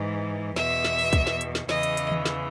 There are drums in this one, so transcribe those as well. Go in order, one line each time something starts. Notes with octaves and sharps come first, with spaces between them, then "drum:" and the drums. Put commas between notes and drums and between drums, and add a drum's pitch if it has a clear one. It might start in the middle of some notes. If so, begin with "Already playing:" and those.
Already playing: G#2 E3
E2 B2 E5, drum: snare
drum: snare
drum: open hi-hat
drum: kick, hi-hat
drum: snare
drum: hi-hat
drum: snare
E2 C#3 E3 D#5, drum: snare
drum: hi-hat
drum: hi-hat
drum: tom D#3
drum: snare